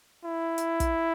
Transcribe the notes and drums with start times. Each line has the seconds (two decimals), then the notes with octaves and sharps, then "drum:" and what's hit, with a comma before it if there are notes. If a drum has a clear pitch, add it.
0.25 E4
0.58 drum: hi-hat
0.80 drum: kick, hi-hat